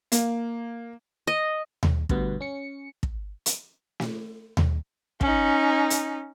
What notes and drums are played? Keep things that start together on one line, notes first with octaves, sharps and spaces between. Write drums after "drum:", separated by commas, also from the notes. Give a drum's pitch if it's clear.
A#3, drum: hi-hat
D#5
drum: tom D#2
D2 G2 B2 B3, drum: kick
C#4 C#7
drum: kick
drum: hi-hat
drum: snare
drum: tom D#2
C#4 D#4, drum: kick
drum: hi-hat